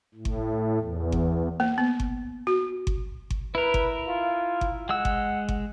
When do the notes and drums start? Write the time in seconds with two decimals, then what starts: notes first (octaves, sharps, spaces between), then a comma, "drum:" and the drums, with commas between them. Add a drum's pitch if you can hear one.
0.14 A2
0.25 drum: kick G1
0.79 E2
1.12 drum: kick G1
1.60 A#3
1.78 B3
2.00 drum: kick G1
2.47 F#4
2.87 drum: kick G1
3.30 drum: kick G1
3.55 E4 A#4 B4
3.74 drum: kick G1
4.08 F4
4.61 drum: kick G1
4.89 G#3 F#5 E6
5.05 drum: kick G1
5.49 drum: kick G1